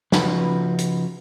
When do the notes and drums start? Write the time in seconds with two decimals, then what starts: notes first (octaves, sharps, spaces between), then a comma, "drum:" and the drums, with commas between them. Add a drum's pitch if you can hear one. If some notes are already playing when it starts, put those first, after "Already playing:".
0.12 C#3 F3 D#4 F#4 B4, drum: snare
0.79 drum: hi-hat